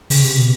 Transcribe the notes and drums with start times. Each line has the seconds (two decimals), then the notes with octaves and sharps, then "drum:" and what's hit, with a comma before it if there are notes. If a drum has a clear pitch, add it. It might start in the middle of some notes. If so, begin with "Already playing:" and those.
0.10 C#3, drum: open hi-hat
0.23 C3
0.37 B2